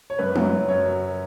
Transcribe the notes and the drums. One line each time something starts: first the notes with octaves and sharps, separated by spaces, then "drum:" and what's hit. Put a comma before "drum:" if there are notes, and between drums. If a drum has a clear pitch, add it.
C#5
F#2 B4
F#3, drum: tom
F#2
F#2 C#5
F#3